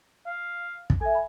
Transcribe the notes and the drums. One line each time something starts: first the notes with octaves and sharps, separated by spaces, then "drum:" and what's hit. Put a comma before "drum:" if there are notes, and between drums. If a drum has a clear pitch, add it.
F5
drum: kick
A4 E5 G#5
B5